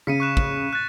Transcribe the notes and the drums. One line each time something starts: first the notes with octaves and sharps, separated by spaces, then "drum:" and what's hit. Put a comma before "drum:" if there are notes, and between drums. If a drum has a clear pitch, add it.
C#3 B6 C#7 D#7
C#6 F#6 E7
drum: kick
F#6 A6